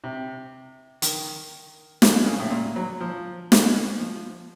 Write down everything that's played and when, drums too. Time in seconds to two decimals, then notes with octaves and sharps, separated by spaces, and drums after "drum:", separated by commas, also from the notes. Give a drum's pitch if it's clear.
0.04 C3
1.02 D#3, drum: hi-hat
2.02 F3, drum: snare
2.26 C#3
2.40 A2
2.50 A#2
2.76 F#3
3.01 F3
3.52 drum: snare
3.99 F3